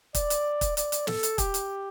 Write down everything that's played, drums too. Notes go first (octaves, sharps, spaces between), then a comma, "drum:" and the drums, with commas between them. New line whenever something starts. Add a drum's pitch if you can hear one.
D5, drum: kick, hi-hat
drum: hi-hat
drum: kick, hi-hat
D5, drum: hi-hat
drum: hi-hat
A4, drum: snare
drum: hi-hat
G4, drum: kick, hi-hat
drum: hi-hat